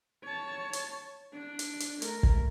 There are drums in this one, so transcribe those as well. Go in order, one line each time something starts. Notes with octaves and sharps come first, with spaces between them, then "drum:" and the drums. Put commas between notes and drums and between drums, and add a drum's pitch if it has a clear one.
C#5 A5
drum: hi-hat
D4
drum: hi-hat
drum: hi-hat
A3 A#4, drum: hi-hat
drum: kick